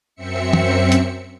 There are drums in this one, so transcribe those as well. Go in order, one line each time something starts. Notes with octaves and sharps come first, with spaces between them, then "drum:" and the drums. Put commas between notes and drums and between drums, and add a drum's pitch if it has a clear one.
F#2 C4 E5 C#7
drum: tom
drum: hi-hat